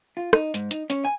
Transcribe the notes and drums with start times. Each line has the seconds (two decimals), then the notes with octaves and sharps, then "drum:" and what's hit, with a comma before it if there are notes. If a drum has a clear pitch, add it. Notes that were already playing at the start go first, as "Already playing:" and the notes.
0.17 F4
0.33 D#4, drum: rim click
0.54 G#2, drum: hi-hat
0.71 D#4, drum: hi-hat
0.90 C#4, drum: hi-hat
1.05 G#5